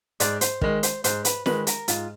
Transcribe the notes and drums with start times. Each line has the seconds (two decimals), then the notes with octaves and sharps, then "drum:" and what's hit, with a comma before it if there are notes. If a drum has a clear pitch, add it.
0.20 G#2 C5 D5, drum: hi-hat
0.41 C5, drum: hi-hat
0.61 D#3 G#3, drum: kick
0.83 C5, drum: hi-hat
1.04 G#2 C5, drum: hi-hat
1.25 B4, drum: hi-hat
1.46 D#3 G#3 B4, drum: snare
1.67 A#4, drum: hi-hat
1.88 G#2 F4, drum: hi-hat